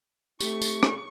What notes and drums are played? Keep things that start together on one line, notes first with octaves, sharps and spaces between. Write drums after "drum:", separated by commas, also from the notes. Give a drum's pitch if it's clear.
A3 C4 D#4 G4 A4 C#6, drum: tambourine
drum: tambourine
drum: rim click